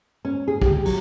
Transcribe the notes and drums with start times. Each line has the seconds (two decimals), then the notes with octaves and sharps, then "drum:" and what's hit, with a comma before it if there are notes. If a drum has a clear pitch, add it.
0.25 C#4
0.48 G#4
0.62 G4, drum: kick
0.85 F#3, drum: open hi-hat